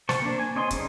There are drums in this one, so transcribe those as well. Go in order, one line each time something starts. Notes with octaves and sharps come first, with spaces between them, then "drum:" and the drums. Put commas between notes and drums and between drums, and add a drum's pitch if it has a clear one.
C5 A5 C#6, drum: snare
A#3 D4
G#5
C4 C#5 D#5 G#5 C6
C#3 G3 D#4, drum: kick, hi-hat